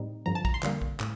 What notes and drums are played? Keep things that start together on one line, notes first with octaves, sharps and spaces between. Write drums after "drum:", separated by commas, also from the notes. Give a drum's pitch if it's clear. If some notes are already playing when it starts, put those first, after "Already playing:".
Already playing: A2 G3 C4 D#4
G2 D3 F3 A#5
A5
A#5, drum: kick A#1
C6
F2 D3 G3 A#3, drum: clap
drum: kick A#1
A2, drum: clap